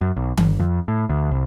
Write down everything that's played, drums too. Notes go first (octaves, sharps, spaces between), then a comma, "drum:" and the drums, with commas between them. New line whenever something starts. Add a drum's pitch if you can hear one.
F#2
B1
G1, drum: tom D#3
F2
A2
D2
C2